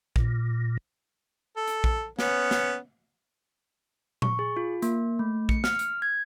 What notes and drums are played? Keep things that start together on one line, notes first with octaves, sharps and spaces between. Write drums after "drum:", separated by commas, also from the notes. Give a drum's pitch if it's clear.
A#2, drum: kick A#1
A4
drum: hi-hat
drum: kick A#1
B3 C#4, drum: snare
drum: snare
C#6, drum: tom A#2
G#4
F4
A#3, drum: hi-hat
A3
C#7, drum: kick A#1
F6, drum: snare
drum: hi-hat
G#6